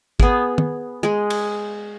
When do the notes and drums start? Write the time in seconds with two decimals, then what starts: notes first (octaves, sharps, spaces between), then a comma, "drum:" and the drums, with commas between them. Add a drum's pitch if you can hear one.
0.20 B3 G#4, drum: kick
0.58 drum: tom
1.03 G#3 G#4
1.30 drum: cymbal